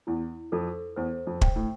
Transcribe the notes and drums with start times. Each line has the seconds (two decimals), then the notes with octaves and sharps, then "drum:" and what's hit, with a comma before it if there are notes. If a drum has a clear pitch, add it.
0.07 E2 E4
0.52 F2 A4
0.96 E2 C5
1.27 F2
1.41 G5, drum: kick
1.56 A2